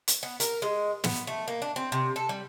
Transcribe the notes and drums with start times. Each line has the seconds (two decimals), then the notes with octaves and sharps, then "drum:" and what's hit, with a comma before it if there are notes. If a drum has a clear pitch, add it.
0.08 drum: hi-hat
0.23 B3
0.40 A#4, drum: hi-hat
0.62 G#3
1.04 B3, drum: snare
1.27 A3
1.48 A#3
1.62 D4
1.76 C4
1.92 C3
2.16 A4
2.29 G3